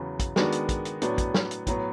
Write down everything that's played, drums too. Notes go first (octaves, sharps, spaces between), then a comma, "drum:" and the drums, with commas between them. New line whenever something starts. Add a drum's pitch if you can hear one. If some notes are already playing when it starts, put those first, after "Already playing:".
Already playing: E2 C#3 F#3 B3
drum: kick, hi-hat
D#3 G#3 B3 D4 F#4, drum: snare
drum: hi-hat
drum: kick, hi-hat
drum: hi-hat
A2 F#3 B3 D4 F#4, drum: hi-hat
drum: kick, hi-hat
drum: snare
drum: hi-hat
A2 F#3 B3, drum: kick, hi-hat